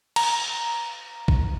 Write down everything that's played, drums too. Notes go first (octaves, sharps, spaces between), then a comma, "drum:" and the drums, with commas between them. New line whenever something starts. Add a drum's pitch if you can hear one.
A#5, drum: cymbal
drum: kick